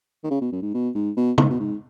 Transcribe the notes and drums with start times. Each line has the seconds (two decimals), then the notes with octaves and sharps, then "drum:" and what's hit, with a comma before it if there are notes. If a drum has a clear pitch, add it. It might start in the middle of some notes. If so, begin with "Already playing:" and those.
0.24 D#3
0.31 C#3
0.41 B2
0.52 F#2
0.62 G#2
0.74 B2
0.95 G#2
1.17 B2
1.38 G#2, drum: tom
1.50 B2
1.60 G#2